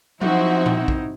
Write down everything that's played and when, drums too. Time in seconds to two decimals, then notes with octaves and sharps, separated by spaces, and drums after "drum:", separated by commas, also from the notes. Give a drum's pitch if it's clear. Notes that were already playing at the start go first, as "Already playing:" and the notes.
0.21 F3 C4 D#4 E4 F#4 E5, drum: tom F#3
0.66 drum: tom A#2
0.88 drum: kick A#1